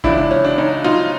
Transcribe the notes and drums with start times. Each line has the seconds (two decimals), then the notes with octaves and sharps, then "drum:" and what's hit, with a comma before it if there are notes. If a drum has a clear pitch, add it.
0.04 C#2 C#3 E3 D4 E4, drum: kick G1
0.18 D4
0.31 C#4
0.45 D4
0.58 C#4 D#4
0.84 D#4 F4